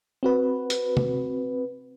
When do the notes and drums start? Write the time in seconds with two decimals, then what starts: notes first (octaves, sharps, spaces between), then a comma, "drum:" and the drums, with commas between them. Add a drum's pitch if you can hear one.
0.23 C4 F#4 B4
0.70 drum: hi-hat
0.97 drum: tom C3